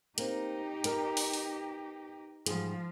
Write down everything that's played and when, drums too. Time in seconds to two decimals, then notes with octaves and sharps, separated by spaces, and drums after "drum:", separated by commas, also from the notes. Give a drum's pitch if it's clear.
0.18 A#3 C4 D#4 G4, drum: hi-hat
0.84 B3 A#4, drum: hi-hat
1.17 drum: open hi-hat
1.34 drum: open hi-hat
2.46 G#2 F3 G3 G#4, drum: hi-hat